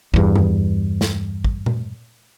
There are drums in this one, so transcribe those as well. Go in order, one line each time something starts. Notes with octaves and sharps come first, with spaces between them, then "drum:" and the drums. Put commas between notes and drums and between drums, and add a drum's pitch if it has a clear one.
E2 G2, drum: kick
drum: tom F#2
drum: snare
drum: kick
drum: tom A#2